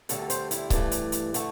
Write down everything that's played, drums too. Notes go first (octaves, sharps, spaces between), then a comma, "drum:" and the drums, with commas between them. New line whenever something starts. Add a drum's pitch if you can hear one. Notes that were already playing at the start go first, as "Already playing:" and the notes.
D2 D3 G3 A4, drum: hi-hat
A4
C5, drum: hi-hat
E4, drum: hi-hat
G2 E3 A3 D5, drum: kick C#1, hi-hat
drum: hi-hat
drum: hi-hat
D3 A3, drum: hi-hat